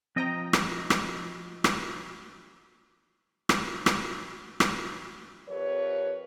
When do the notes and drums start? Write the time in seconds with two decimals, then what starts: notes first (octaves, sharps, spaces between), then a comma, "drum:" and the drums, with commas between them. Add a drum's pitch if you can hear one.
0.16 F3 C4 D#5 G5 A#5
0.53 drum: rim click
0.90 drum: rim click
1.64 drum: rim click
3.49 drum: rim click
3.86 drum: rim click
4.60 drum: rim click
5.49 F2 G4 A#4 B4 C#5